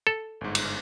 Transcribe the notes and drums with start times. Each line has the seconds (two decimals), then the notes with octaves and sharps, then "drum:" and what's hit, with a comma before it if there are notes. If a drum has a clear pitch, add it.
0.07 A4
0.41 G1 G#2
0.55 drum: cymbal